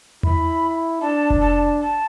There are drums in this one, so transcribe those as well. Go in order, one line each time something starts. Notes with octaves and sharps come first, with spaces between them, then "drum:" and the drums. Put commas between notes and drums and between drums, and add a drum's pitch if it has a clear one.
E4 B5, drum: tom E2
D4 A5
drum: kick F1
A5
A5